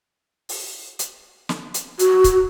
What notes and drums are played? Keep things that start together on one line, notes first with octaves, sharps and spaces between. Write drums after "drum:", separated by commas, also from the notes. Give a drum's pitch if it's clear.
drum: open hi-hat
drum: hi-hat
drum: snare
drum: hi-hat
F#4, drum: hi-hat
drum: kick C#1, hi-hat